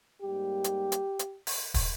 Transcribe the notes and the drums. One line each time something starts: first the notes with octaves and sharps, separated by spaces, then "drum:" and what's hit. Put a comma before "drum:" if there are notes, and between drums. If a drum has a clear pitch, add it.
G#2 G3 A#3 G4
drum: hi-hat
drum: hi-hat
drum: hi-hat
drum: open hi-hat
drum: kick, open hi-hat